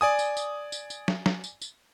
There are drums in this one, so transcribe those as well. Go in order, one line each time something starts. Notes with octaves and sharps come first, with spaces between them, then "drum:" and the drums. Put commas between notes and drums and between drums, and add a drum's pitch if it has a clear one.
D5 G#5 D#6
drum: tambourine
drum: tambourine
drum: tambourine
drum: tambourine
drum: snare
drum: snare
drum: tambourine
drum: tambourine